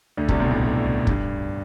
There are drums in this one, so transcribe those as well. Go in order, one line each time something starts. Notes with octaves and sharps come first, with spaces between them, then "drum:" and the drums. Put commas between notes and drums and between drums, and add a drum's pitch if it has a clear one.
D2 D3
C2 C3, drum: kick
B1 B2
A2
G2, drum: kick